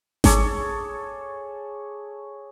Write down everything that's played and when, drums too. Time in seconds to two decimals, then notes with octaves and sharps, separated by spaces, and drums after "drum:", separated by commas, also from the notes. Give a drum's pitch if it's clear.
0.24 G#4 A4 C#5 D6, drum: snare G#1